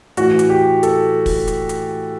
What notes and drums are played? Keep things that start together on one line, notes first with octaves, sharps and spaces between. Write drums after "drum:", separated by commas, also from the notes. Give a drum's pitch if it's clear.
A2 E3 F#4, drum: hi-hat
drum: hi-hat
G4
A4, drum: hi-hat
drum: kick, open hi-hat
drum: hi-hat
drum: hi-hat